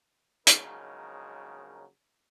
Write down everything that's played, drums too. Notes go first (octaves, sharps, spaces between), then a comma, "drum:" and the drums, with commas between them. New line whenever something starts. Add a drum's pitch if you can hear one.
A#1 C#3 F#3 G#3 D#4 A#4, drum: hi-hat